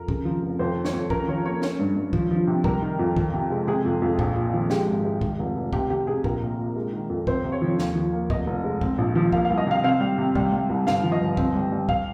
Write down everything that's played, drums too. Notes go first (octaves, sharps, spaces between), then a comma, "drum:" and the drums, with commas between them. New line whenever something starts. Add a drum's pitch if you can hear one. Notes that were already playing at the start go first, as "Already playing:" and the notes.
Already playing: F2 A#4
C#3, drum: kick C2
F3
F1
F2 C5
D#3
C#5, drum: snare
F2
C#4 A#4, drum: kick C2
F3 C#5
A#3 C#5
C#4 C#5, drum: snare
G2
G2
F3, drum: kick C2
F3
C3
G3 A#4, drum: kick C2
D#3
F2
F3, drum: kick C2
C3
G#3
C3 G#4
F2
F2
A#1, drum: kick C2
A#2
F3
G#3 G4, drum: snare
G#1
G#3
D#3, drum: kick C2
F1
F1
C3 G4, drum: kick C2
C3 G4
C3 G#4
A#1 A#4, drum: kick C2
A#2
A#2
G#3
D#3
F2
C4 C5, drum: kick C2
C3
C#5
F3
D#2, drum: snare
F3
A#3
F1 D#5, drum: kick C2
F1
G#3
C4, drum: kick C2
A#1
F3
A#3 F5, drum: kick C2
F5
C2
D#5
C3 F5
C4 F5
G3
C3
G3, drum: kick C2
G3
C2
G1 F5, drum: snare
F3
D#5
G1
C4, drum: kick C2
G3
G3
F5, drum: kick C2